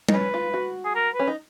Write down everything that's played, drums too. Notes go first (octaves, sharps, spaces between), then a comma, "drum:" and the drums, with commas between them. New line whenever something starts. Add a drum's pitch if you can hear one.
D#4, drum: tom G3
C#4 B4
F4
F#4
G#4
A#4
C#4 B4
D#4